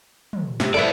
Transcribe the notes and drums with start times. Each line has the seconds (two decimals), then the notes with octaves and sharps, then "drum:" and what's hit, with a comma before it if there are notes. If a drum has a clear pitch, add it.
0.33 drum: tom
0.60 C3, drum: snare
0.74 B3 E4 A4 C5 D5